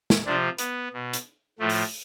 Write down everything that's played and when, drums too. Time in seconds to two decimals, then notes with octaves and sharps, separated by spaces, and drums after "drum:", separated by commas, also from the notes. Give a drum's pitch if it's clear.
0.10 drum: snare
0.25 C3 F3 D4
0.58 B3, drum: hi-hat
0.93 B2
1.13 drum: hi-hat
1.59 A2 F3 A3
1.69 drum: open hi-hat